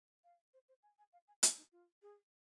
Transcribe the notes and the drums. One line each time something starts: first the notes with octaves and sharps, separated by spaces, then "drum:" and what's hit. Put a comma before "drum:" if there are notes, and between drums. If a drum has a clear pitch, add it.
F5
C5
C5
G#5
G#5
F5
G#5
G#4, drum: hi-hat
D#4
F4
G#4